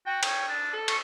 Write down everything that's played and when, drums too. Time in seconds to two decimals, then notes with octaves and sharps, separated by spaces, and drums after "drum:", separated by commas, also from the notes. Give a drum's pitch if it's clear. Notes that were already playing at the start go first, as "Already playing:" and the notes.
0.07 F#4 G5
0.23 C#5, drum: cymbal
0.48 D4
0.73 A4
0.88 C#6, drum: cymbal